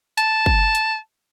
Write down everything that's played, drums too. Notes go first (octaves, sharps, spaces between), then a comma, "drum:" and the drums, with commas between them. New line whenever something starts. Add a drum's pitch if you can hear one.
A5, drum: hi-hat
drum: kick
drum: hi-hat